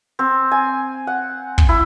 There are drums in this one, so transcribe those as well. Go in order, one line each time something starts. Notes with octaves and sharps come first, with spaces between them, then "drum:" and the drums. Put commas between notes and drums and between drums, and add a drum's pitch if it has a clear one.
C4
G#5
F#5
drum: kick
E4